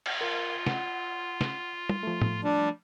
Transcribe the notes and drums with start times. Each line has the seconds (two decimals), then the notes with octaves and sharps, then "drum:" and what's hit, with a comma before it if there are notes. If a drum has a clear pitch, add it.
0.06 drum: cymbal
0.21 F4 A#4 F5
0.67 F#5, drum: snare
1.41 drum: snare
1.89 drum: tom
2.03 F3 A3
2.22 drum: tom A2
2.44 G3 D4